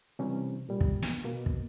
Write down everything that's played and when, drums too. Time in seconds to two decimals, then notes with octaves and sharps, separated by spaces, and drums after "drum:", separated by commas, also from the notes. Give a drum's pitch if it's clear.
0.19 C3 E3 G3 C#4
0.69 A#2 G3
0.81 drum: kick
1.02 drum: snare
1.24 B2 A#3
1.46 drum: kick